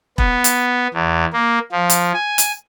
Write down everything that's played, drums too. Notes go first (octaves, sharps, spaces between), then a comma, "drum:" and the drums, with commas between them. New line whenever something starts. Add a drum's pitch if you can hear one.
B3, drum: kick E1
drum: hi-hat
E2
A#3
F3
drum: hi-hat
G#5
drum: hi-hat